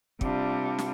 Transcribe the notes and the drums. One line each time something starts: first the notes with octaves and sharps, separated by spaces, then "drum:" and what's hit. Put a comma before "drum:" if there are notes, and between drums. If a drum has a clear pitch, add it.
C3 G3 D4 F4, drum: kick
drum: snare